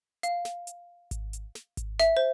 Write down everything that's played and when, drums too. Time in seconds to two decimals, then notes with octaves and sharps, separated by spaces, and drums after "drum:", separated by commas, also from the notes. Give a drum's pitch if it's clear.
0.23 F5, drum: hi-hat
0.45 drum: snare
0.67 drum: hi-hat
1.11 drum: kick G#1, hi-hat
1.33 drum: hi-hat
1.55 drum: snare
1.77 drum: kick G#1, hi-hat
2.00 E5, drum: snare
2.17 C5